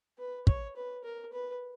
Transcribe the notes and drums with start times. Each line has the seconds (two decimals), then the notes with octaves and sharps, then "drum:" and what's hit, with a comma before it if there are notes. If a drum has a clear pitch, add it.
0.18 B4
0.47 C#5, drum: kick
0.76 B4
1.04 A#4
1.33 B4